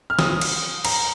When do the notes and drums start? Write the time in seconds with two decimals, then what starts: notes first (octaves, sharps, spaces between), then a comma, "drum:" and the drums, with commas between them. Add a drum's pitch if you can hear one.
0.10 F6
0.19 D#6, drum: snare
0.41 drum: cymbal
0.85 A#5, drum: cymbal